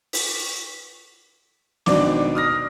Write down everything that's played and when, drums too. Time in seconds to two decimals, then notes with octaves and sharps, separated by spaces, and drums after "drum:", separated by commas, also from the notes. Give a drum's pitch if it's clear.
0.13 drum: open hi-hat
1.86 G#1 B2 D4 D5 D6, drum: snare
2.35 D#6 F6 A#6